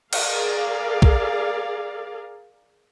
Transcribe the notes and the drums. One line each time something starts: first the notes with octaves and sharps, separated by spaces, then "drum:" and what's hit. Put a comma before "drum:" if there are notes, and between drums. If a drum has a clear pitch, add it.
G#4 A#4 D5 F5, drum: cymbal
drum: kick